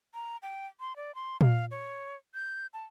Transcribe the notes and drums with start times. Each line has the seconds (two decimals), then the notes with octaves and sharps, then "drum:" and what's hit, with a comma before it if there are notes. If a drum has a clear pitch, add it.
0.14 A#5
0.42 G5
0.80 C6
0.96 D5
1.15 C6
1.41 F5, drum: tom A#2
1.71 C#5
2.34 G6
2.74 A5